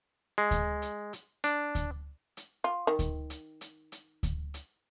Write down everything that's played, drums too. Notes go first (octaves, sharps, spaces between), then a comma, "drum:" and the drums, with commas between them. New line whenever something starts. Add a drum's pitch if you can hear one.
G#3
drum: kick D2, hi-hat
drum: hi-hat
drum: hi-hat
D4, drum: hi-hat
drum: kick D2, hi-hat
drum: hi-hat
F4
D#3
drum: kick D2, hi-hat
drum: hi-hat
drum: hi-hat
drum: hi-hat
drum: kick D2, hi-hat
drum: hi-hat